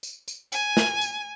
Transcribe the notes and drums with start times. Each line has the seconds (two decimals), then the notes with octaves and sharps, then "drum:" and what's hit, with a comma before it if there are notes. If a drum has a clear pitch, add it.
0.03 drum: tambourine
0.28 drum: tambourine
0.52 G#5, drum: tambourine
0.77 drum: snare
1.01 drum: tambourine